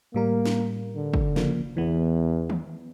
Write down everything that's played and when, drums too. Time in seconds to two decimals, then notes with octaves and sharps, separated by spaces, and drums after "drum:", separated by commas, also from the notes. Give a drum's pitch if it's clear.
0.15 A2 G3 A#3 A#4
0.45 drum: snare
0.95 D3
1.14 drum: kick
1.36 C#3 F3 A#3, drum: snare
1.77 E2 E3 B3
2.50 drum: tom D#3